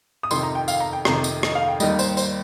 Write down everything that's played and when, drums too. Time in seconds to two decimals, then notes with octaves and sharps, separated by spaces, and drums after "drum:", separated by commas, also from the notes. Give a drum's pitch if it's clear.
0.23 D#6
0.31 F2 C3 D#3 C6, drum: tambourine
0.43 A#5
0.55 G5
0.68 F5, drum: tambourine
0.80 A#5
0.93 G5
1.05 F2 C3 D#3 A#5, drum: rim click
1.24 drum: tambourine
1.43 D#5, drum: rim click
1.55 F5
1.68 G5
1.80 D#2 D#3 G3 D#5, drum: tambourine
1.99 C5, drum: tambourine
2.17 C5, drum: tambourine